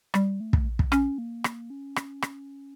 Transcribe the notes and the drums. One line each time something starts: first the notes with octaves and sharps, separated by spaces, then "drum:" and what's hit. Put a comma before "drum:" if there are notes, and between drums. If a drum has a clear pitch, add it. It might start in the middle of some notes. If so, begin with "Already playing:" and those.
G3, drum: rim click
A3
drum: kick
drum: kick
C#4, drum: rim click
A#3
drum: rim click
C#4
drum: rim click
drum: rim click